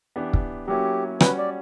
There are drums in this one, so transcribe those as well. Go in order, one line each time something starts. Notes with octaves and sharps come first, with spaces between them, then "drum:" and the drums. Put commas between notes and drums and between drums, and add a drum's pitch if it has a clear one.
E3 B3 D4 G4
drum: kick
F#3 A#3 C#4 E4 G4
G3 C#4 F#4 B4, drum: rim click
D5